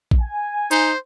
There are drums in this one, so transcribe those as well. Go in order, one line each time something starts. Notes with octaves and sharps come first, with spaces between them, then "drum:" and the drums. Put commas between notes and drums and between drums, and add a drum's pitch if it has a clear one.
drum: kick A#1
G#5
D#4 C5, drum: hi-hat